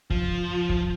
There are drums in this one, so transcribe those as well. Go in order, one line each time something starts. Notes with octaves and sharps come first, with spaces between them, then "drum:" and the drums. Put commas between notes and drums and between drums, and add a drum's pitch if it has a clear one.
F3, drum: kick
drum: kick